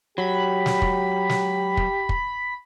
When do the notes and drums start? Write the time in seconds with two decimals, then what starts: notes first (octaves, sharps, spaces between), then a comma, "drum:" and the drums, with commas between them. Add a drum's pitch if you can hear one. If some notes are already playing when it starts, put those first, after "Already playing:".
0.18 F#3 G4 B5
0.66 drum: snare
0.82 drum: kick
1.29 drum: snare
1.77 drum: kick
2.09 drum: kick